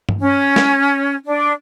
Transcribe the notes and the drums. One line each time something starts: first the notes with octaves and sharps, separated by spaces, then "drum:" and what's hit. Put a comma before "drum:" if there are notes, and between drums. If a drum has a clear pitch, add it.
drum: tom G2
C#4
drum: snare
D4